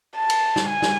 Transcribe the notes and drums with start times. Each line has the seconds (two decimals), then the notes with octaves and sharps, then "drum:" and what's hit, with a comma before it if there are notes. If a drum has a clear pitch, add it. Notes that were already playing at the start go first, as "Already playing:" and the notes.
0.16 A5
0.30 drum: cymbal
0.56 drum: snare
0.69 G#5
0.82 drum: snare